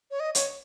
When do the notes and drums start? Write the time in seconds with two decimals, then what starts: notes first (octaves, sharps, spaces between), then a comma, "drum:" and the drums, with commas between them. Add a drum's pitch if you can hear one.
0.11 C#5
0.20 D#5
0.35 C#5, drum: hi-hat